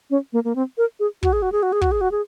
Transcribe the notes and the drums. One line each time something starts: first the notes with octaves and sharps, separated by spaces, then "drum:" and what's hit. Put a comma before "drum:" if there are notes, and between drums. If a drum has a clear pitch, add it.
C#4
A#3
A#3
C4
A#4
G#4
F#4, drum: kick
G#4
F#4
G#4
F#4
G#4
F#4, drum: kick
G#4
F#4
G#4